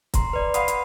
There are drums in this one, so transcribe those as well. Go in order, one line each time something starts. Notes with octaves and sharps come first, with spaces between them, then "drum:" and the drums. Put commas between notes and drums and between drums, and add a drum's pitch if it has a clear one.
A#5 C6, drum: kick C#1, hi-hat
B4 D5
F5 F#5 B5 C6 D#6 C7, drum: hi-hat
drum: hi-hat